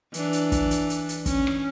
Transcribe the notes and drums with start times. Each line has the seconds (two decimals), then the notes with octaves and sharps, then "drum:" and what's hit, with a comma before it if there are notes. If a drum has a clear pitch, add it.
0.14 E3 D4, drum: hi-hat
0.33 drum: hi-hat
0.52 drum: kick, hi-hat
0.71 drum: hi-hat
0.90 drum: hi-hat
1.09 drum: hi-hat
1.26 C#4, drum: kick, hi-hat
1.47 drum: rim click